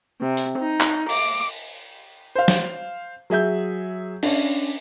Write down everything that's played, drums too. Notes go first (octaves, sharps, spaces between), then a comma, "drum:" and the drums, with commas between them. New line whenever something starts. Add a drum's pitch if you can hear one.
C3
drum: open hi-hat
D#4
drum: clap
D6, drum: cymbal
C5 F5
drum: snare
F#3 G#4 E5 G6
C#4 D4, drum: cymbal